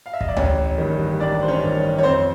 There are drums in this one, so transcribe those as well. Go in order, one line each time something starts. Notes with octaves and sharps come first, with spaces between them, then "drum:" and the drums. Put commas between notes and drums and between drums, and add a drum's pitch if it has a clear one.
F5
E5
D#5, drum: kick
D5
A1 C#4 C#5, drum: tom D2
G2 D#3
A1 D4 D5
C5
C#4 C#5
G2 D#3
C#5
F2 C4 C5